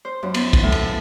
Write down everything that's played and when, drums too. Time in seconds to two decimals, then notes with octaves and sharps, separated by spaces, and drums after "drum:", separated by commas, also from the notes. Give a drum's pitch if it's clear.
0.05 C5
0.23 F#2
0.34 B3, drum: cymbal
0.53 drum: kick, cymbal
0.63 A2
0.72 drum: cymbal